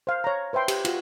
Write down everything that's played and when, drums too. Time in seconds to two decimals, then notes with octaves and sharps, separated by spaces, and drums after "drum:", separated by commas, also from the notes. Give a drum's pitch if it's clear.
0.07 C5 F5
0.24 C#5 A#5
0.53 B4 C5 E5 G5 C6
0.68 G4, drum: cymbal
0.85 F4 F#4, drum: cymbal